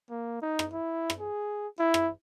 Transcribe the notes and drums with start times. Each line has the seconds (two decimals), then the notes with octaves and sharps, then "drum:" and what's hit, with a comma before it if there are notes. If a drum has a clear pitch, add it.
0.10 A#3
0.42 D#4
0.59 drum: rim click
0.73 E4
1.10 drum: rim click
1.20 G#4
1.79 E4
1.94 drum: rim click